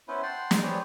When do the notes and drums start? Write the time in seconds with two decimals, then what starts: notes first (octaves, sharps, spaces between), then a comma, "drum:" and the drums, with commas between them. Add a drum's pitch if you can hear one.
0.08 B3 C#4 E4 B4 C5
0.23 F#5 G5 A5 C6
0.51 drum: snare
0.63 C4 G4 G#4 B4 C#5 D5